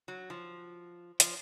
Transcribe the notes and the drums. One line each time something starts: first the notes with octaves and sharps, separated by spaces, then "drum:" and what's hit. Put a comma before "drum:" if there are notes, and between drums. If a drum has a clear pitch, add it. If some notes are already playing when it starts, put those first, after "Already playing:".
F#3
F3
F3, drum: hi-hat